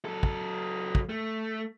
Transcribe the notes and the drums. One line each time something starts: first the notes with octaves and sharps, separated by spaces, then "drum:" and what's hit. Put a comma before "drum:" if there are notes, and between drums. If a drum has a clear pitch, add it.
F#3 A4
drum: kick
drum: kick
A3